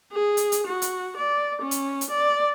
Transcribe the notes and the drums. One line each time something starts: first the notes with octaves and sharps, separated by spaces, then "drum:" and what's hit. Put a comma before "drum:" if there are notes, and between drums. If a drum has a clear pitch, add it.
G#4
drum: hi-hat
drum: hi-hat
F#4
drum: hi-hat
D5
C#4
drum: hi-hat
drum: hi-hat
D5